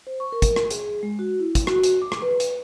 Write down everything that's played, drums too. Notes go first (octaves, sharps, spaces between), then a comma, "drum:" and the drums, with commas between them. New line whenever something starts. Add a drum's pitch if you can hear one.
C5
C#6
A#4
drum: kick, hi-hat
drum: rim click
G#4, drum: hi-hat
G#3
F#4
E4
drum: kick, hi-hat
F#4, drum: rim click
drum: hi-hat
D6
drum: rim click
B4
drum: hi-hat